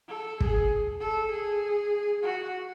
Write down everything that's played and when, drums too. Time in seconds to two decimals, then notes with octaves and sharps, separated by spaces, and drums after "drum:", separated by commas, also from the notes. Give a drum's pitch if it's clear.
0.09 A4
0.41 G#4, drum: kick
1.01 A4
1.32 G#4
2.24 F#4